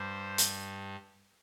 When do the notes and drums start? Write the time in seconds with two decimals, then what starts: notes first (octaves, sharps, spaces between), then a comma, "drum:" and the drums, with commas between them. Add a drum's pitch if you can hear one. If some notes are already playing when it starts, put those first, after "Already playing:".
Already playing: G2 G3 C5
0.38 drum: hi-hat